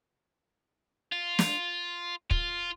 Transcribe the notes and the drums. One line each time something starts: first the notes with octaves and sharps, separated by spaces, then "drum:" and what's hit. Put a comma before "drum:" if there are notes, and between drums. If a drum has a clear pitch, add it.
F4
drum: snare
F4, drum: kick